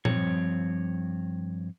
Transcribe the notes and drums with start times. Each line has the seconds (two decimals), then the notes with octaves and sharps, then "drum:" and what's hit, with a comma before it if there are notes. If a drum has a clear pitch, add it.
0.05 G2 F3 C4 C#5, drum: tom A#2